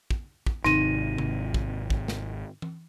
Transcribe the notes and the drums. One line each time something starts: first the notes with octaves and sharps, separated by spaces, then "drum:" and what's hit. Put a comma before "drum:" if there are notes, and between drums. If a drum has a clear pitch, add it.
drum: kick
drum: kick
G#1 C3 D#4 A#6 D#7, drum: snare
drum: tom C3
drum: kick
drum: kick
drum: snare
drum: tom E3